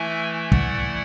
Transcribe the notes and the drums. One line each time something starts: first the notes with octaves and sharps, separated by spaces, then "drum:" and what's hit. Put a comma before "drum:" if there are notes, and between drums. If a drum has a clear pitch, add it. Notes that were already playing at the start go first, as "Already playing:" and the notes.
Already playing: E3 A3 E4 E5 G#5
D5 F#5, drum: kick